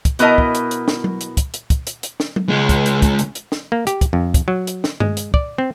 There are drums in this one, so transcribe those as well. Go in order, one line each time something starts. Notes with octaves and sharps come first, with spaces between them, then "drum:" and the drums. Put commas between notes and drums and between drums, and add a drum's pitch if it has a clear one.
drum: kick, hi-hat
B2 B3 E4 A#4 D#5 A5, drum: hi-hat
drum: kick
drum: hi-hat
drum: hi-hat
drum: snare
drum: tom F#3
drum: hi-hat
drum: kick, hi-hat
drum: hi-hat
drum: kick, hi-hat
drum: hi-hat
drum: hi-hat
drum: snare
drum: tom F#3
C#2 G#3
drum: kick, hi-hat
drum: hi-hat
drum: kick, hi-hat
drum: hi-hat
drum: hi-hat
drum: snare
A#3
G4, drum: hi-hat
drum: kick, hi-hat
F2
drum: kick, hi-hat
F#3
drum: hi-hat
drum: snare
G#3, drum: tom G2
drum: hi-hat
D5, drum: kick
C4